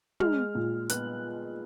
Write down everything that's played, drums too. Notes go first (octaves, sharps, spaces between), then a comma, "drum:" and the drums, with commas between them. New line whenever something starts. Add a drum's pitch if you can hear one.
G#3 F6, drum: tom
A#2
B3 F#6, drum: hi-hat